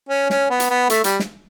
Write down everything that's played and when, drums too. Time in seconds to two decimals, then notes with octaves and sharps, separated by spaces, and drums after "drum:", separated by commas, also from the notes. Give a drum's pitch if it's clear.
0.09 C#4
0.30 C#4, drum: snare
0.50 B3
0.60 drum: hi-hat
0.70 B3
0.90 A3, drum: hi-hat
1.04 G3, drum: hi-hat
1.20 drum: snare